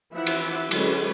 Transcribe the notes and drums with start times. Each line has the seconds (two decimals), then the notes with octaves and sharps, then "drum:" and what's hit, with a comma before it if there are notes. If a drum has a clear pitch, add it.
0.13 E3 F3 E4 E5 F#5
0.27 drum: cymbal
0.71 D3 F#3 G#3 C#4 G#4 B4, drum: cymbal